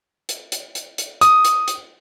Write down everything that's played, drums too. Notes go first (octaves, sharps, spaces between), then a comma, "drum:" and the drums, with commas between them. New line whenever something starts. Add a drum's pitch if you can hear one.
drum: hi-hat
drum: hi-hat
drum: hi-hat
drum: hi-hat
D#6, drum: hi-hat
drum: hi-hat
drum: hi-hat